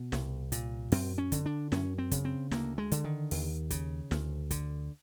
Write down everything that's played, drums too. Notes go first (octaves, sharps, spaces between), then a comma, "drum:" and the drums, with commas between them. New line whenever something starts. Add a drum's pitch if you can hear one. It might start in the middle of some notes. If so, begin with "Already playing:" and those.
Already playing: B2
C2, drum: snare
A#2, drum: hi-hat
F#2 C4, drum: open hi-hat
C#4
D3, drum: kick, hi-hat
D4
F#2 C#4, drum: snare
C4
C#3, drum: kick, hi-hat
C4
D2 A#3, drum: snare
G#3
D3, drum: hi-hat
D#3
D#2, drum: open hi-hat
C#3, drum: kick, hi-hat
D2, drum: snare
D3, drum: kick, hi-hat